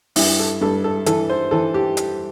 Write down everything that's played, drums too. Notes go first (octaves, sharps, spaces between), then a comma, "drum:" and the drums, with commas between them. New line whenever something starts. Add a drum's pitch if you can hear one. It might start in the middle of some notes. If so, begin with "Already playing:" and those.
G2 E4, drum: open hi-hat
A4
G2 A4
A4
E3 A4, drum: hi-hat
C5
E3 A4
G4
drum: hi-hat